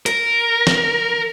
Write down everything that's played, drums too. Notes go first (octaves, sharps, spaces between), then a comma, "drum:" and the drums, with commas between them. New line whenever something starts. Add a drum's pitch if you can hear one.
A#4, drum: hi-hat
drum: snare